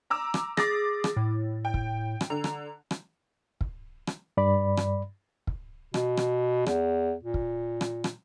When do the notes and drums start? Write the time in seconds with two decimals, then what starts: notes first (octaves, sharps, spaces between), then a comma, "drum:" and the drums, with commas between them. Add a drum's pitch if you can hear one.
0.10 A#5 D6 E6
0.34 drum: rim click
0.57 G#4 D6 A6 A#6, drum: rim click
1.04 drum: rim click
1.17 A2
1.65 G5
1.74 drum: kick
2.21 drum: rim click
2.30 D3 A#5
2.44 drum: rim click
2.91 drum: rim click
3.61 drum: kick
4.07 drum: rim click
4.37 G2 D5 B5
4.77 drum: rim click
5.47 drum: kick
5.94 B2, drum: rim click
6.17 drum: rim click
6.66 E2, drum: rim click
7.23 A#2
7.34 drum: kick
7.81 drum: rim click
8.04 drum: rim click